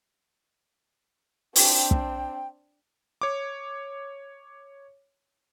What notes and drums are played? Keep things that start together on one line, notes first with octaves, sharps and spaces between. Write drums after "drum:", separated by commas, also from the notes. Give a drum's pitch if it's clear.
C4 D4 G5, drum: open hi-hat
drum: kick
C#5 D6